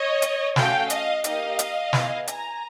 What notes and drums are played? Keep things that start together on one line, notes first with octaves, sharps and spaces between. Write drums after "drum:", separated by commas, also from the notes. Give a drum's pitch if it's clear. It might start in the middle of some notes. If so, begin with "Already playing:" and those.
Already playing: C#5 D#5
drum: hi-hat
A3 C#4 F#4 A4 F5 G5, drum: snare
D#5 F5, drum: hi-hat
A#3 D#4 G4 D#5 F5, drum: hi-hat
drum: hi-hat
B3 E4 G#4, drum: snare
G#5 A#5, drum: hi-hat